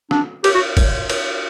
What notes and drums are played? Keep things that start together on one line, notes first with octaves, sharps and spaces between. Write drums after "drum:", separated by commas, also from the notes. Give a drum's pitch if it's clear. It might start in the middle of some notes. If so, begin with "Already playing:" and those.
D4, drum: rim click
G4, drum: cymbal
F#4
drum: kick, cymbal
drum: cymbal